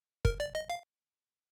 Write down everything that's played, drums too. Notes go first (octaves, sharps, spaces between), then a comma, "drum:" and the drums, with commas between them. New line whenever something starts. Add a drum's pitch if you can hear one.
A#4, drum: kick
D5
D#5
F5